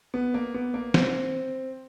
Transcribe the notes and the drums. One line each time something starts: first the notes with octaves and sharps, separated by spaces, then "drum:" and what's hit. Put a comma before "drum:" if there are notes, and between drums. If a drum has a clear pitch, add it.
B3
A#3
B3
A#3
C4, drum: snare